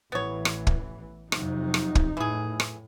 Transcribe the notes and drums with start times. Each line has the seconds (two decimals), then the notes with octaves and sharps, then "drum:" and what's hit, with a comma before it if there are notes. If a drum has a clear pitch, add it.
0.12 A1 E3 B3 C#5
0.45 drum: rim click
0.67 drum: kick
1.32 F2 C3 F#3 D#4, drum: rim click
1.74 drum: rim click
1.95 drum: kick
2.17 A2 E3 G#4
2.60 drum: rim click